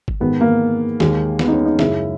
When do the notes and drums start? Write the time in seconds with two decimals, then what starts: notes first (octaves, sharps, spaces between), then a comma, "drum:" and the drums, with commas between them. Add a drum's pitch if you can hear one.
0.08 drum: kick G1
0.20 G#2 D#3 G#3 B3
0.41 A#3
1.00 D#2 D#3 G#3, drum: snare
1.39 B3, drum: snare
1.48 D#4
1.53 C#4
1.66 D#4
1.79 F#2 C#3 G#3 E4, drum: snare